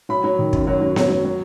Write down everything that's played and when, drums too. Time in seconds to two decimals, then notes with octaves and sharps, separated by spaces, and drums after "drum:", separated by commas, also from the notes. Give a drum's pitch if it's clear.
0.09 F#3 B5
0.24 F#3
0.39 D#3
0.53 F#2, drum: kick
0.67 F#3
0.81 F#3
0.96 F#3, drum: snare B3
1.09 F#3
1.25 F#3